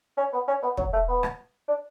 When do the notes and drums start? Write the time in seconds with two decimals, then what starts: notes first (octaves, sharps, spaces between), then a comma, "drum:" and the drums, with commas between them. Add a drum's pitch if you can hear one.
0.17 C#4
0.32 B3
0.48 C#4
0.63 B3
0.77 F#3, drum: kick
0.93 A3
1.08 B3
1.23 drum: rim click
1.68 D4